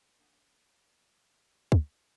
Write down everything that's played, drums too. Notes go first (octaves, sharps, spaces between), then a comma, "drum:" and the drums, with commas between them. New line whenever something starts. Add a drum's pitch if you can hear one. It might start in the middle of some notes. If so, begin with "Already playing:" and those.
A#2 D3 F#5 D#6
drum: kick